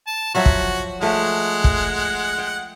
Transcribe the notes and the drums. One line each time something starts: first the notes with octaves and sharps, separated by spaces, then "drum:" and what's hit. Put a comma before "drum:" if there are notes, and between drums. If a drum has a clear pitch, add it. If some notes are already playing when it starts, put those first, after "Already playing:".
A5
F3 F#3 F#4 E5
drum: kick
F3 G#3 A3 F#5
drum: kick
G5